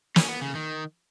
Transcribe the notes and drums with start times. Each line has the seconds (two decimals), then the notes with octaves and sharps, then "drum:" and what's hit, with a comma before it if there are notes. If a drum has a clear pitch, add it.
0.16 C#4, drum: snare
0.28 B3
0.42 C#3
0.55 D#3